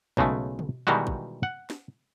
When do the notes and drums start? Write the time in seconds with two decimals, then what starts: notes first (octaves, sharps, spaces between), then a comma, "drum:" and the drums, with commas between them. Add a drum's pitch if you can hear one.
0.17 B1 C#3 G#3 A3, drum: kick
0.59 drum: tom
0.87 B2 D#3 E3 G3 G#3 F#4
1.07 drum: kick
1.43 F#5
1.70 drum: snare